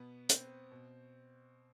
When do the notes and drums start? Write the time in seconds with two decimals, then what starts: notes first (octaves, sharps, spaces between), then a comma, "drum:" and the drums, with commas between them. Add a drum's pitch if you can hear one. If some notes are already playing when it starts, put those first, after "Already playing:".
Already playing: B2 B3
0.29 C4, drum: hi-hat
0.72 B2